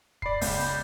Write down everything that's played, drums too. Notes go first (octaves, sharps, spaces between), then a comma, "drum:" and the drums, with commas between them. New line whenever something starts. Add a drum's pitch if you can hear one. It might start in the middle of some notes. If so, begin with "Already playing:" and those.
D5 B5 C7, drum: kick
C#2 B5 G6, drum: kick, open hi-hat